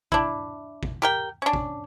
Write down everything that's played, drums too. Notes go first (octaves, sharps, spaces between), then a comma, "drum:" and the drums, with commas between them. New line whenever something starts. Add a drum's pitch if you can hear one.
D4 E4, drum: kick
drum: kick
G4 A#4 G5
C#4 D4
drum: kick